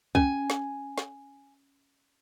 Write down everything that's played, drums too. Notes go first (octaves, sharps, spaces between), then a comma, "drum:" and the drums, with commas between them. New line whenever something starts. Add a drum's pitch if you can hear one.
C#4 G#5, drum: kick
drum: snare
drum: snare